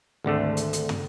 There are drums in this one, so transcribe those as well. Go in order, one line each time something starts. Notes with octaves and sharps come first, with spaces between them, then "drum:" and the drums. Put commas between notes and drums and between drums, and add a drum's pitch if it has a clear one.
G#1 D2 D3 A3
drum: hi-hat
drum: hi-hat
drum: tom